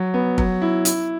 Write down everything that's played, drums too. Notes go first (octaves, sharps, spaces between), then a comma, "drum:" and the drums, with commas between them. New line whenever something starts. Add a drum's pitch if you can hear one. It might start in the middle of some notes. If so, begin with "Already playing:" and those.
Already playing: F#3
B3
F#3, drum: kick
E4
E4, drum: hi-hat